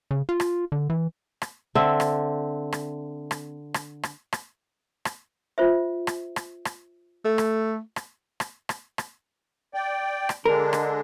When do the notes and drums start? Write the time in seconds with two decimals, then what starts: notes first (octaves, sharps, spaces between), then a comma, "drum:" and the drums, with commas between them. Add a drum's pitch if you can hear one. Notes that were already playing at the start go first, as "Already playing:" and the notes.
0.11 C#3
0.29 F4
0.40 drum: rim click
0.72 D3
0.90 E3
1.42 drum: rim click
1.75 D3 C4 E5
2.00 drum: rim click
2.73 drum: rim click
3.31 drum: rim click
3.74 drum: rim click
4.03 drum: rim click
4.33 drum: rim click
5.05 drum: rim click
5.58 F4 C5 E5
6.07 drum: rim click
6.36 drum: rim click
6.65 drum: rim click
7.25 A3
7.38 drum: rim click
7.96 drum: rim click
8.40 drum: rim click
8.69 drum: rim click
8.98 drum: rim click
9.74 D5 G5
10.29 drum: rim click
10.46 D3 G#3 D4 A#4
10.73 drum: rim click